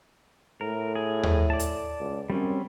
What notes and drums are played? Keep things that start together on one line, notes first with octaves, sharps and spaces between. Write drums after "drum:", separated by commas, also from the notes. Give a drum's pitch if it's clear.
A2 A#4
G#4
drum: tom D#2
D5 A5
drum: hi-hat
C#2
F#2 G3 C4 C#4